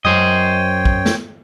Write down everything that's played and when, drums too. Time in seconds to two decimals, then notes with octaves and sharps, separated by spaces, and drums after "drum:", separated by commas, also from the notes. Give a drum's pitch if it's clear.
0.05 F#2 C5 C#5 D#5 G5
0.85 drum: kick
1.06 drum: snare